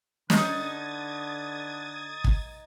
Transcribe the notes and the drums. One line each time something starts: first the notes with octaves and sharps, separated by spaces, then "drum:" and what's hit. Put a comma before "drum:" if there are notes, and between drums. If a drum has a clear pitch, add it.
D3 D#4 B4 D#6 G#6 A6, drum: snare
drum: kick